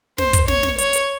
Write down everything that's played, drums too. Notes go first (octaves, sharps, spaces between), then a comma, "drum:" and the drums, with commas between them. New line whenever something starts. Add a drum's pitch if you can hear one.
C5, drum: snare
drum: kick, hi-hat
C#5, drum: snare
drum: snare
C#5, drum: hi-hat
drum: hi-hat